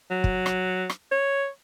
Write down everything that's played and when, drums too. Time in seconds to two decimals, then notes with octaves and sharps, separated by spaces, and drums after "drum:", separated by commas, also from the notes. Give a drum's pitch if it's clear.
0.11 F#3
0.24 drum: kick
0.46 drum: rim click
0.90 drum: rim click
1.11 C#5